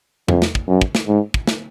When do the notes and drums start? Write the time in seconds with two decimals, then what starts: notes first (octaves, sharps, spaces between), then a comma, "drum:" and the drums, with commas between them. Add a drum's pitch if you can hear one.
0.28 F2, drum: tom E2
0.42 drum: snare
0.55 drum: kick
0.68 F#2
0.81 drum: kick
0.95 drum: snare
1.08 G#2
1.34 drum: kick
1.47 drum: snare